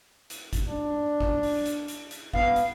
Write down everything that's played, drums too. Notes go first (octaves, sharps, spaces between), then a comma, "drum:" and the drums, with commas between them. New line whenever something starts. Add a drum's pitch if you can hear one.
drum: hi-hat
drum: kick, hi-hat
D4
drum: kick
drum: open hi-hat
drum: hi-hat
drum: hi-hat
drum: hi-hat
B3 F5, drum: kick
drum: hi-hat